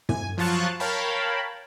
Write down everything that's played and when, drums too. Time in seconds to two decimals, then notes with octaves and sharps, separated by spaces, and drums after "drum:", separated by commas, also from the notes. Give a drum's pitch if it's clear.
0.09 G#5, drum: tom
0.38 F3 F#3 F4 A5 C#6 F#6
0.80 A#4 C#5 F5 G5 A5 B5